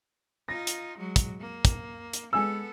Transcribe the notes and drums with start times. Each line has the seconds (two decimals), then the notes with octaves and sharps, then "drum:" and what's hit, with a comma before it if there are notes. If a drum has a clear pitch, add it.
0.49 D#4 F4 A#6
0.67 drum: hi-hat
0.98 F#3 G#3
1.16 drum: kick, hi-hat
1.40 A#3
1.65 drum: kick, hi-hat
2.13 drum: hi-hat
2.33 G#3 B3 A4 G#5 E6